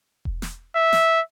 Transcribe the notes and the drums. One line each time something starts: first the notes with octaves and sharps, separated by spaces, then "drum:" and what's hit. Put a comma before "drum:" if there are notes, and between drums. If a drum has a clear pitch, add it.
drum: kick E1
drum: snare
E5
drum: snare